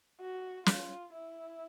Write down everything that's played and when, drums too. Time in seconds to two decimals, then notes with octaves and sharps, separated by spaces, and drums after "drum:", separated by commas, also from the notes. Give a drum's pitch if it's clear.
0.21 F#4
0.66 F4, drum: snare
1.13 E4